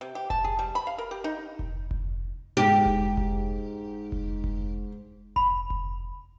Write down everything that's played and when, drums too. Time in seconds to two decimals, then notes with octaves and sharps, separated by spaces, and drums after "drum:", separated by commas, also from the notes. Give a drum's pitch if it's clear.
0.01 C3
0.15 G4
0.30 A5, drum: kick F1
0.44 G#4
0.59 G3
0.75 B5
0.87 F5
0.98 A#4
1.11 G4
1.24 D#4
1.59 drum: kick F1
1.91 drum: kick F1
2.57 G#2 G4
2.86 drum: kick F1
3.17 drum: kick F1
4.12 drum: kick F1
4.44 drum: kick F1
5.36 B5, drum: kick F1
5.70 drum: kick F1